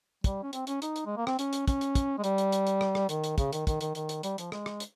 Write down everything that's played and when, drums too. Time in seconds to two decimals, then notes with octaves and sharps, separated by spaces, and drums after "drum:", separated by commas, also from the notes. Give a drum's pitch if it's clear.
0.24 G3, drum: kick, hi-hat
0.43 C#4
0.53 C4, drum: hi-hat
0.67 C#4, drum: hi-hat
0.82 D#4, drum: hi-hat
0.96 drum: hi-hat
1.06 G#3
1.17 A#3
1.27 C4, drum: rim click
1.39 C#4, drum: hi-hat
1.53 drum: hi-hat
1.68 C#4, drum: kick, hi-hat
1.81 drum: hi-hat
1.95 drum: kick, hi-hat
2.18 G#3
2.24 G3, drum: hi-hat
2.38 drum: hi-hat
2.52 drum: hi-hat
2.67 drum: hi-hat
2.81 drum: rim click
2.95 drum: rim click
3.09 D#3, drum: hi-hat
3.24 drum: hi-hat
3.38 C#3, drum: kick, hi-hat
3.53 D#3, drum: hi-hat
3.67 D#3, drum: kick, hi-hat
3.81 D#3, drum: hi-hat
3.95 D#3, drum: hi-hat
4.09 drum: hi-hat
4.23 G3, drum: hi-hat
4.38 F3, drum: hi-hat
4.52 G#3, drum: rim click
4.66 drum: rim click
4.80 drum: hi-hat